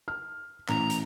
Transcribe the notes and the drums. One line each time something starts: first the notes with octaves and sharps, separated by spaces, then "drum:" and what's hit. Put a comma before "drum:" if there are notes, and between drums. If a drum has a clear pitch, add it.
F6
A1 A#5, drum: clap
drum: hi-hat